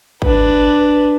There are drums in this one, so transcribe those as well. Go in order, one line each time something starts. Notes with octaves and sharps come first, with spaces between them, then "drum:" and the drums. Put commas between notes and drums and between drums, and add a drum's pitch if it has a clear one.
D4 B4, drum: kick